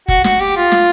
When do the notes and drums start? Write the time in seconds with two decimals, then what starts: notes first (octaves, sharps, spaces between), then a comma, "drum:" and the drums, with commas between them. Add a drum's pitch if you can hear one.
0.08 F#4, drum: kick F#1
0.24 F#4, drum: snare
0.40 G4
0.56 F4
0.72 drum: snare